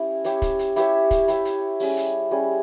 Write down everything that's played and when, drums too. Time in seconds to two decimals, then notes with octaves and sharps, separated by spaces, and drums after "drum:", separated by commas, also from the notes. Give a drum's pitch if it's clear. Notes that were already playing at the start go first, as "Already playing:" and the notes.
Already playing: C#4 E4 G4
0.24 E4 G4 C#5 E5, drum: hi-hat
0.42 drum: kick, hi-hat
0.59 drum: hi-hat
0.76 E4 G4 C#5 E5, drum: hi-hat
1.11 drum: kick, hi-hat
1.28 E4 G4 C#5 E5, drum: hi-hat
1.45 drum: hi-hat
1.80 G3 C#4 G#4, drum: open hi-hat
1.97 drum: hi-hat
2.31 G3 C#4 G#4